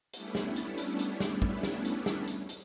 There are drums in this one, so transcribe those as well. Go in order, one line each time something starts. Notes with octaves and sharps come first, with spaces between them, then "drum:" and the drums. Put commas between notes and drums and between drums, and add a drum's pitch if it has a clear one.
G3 A3 B3 C#4 D4 E4, drum: hi-hat
drum: snare
drum: hi-hat
drum: hi-hat
drum: hi-hat
drum: snare
drum: kick
drum: snare
drum: hi-hat
drum: snare
drum: hi-hat
drum: hi-hat